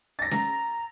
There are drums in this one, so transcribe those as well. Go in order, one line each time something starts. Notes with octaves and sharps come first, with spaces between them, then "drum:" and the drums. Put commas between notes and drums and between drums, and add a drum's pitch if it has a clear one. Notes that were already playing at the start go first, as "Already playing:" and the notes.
A6 A#6
A#5, drum: snare C#4